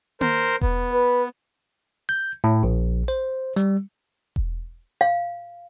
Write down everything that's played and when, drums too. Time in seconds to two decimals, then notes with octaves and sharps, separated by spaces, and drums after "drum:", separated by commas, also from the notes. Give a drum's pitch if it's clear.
0.21 A#4 C5, drum: tom A#3
0.61 B3, drum: kick E1
0.93 B4
2.09 G6
2.44 A2
2.63 A#1
3.08 C5
3.56 G3, drum: hi-hat
4.36 drum: kick E1
5.01 F5